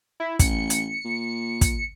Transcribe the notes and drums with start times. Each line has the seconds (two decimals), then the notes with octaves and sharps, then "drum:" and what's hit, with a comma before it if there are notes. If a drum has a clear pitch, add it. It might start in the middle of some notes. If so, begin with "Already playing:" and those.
0.20 E4
0.39 A1 C#7, drum: kick, hi-hat
0.70 drum: hi-hat
1.04 A#2
1.61 drum: kick, hi-hat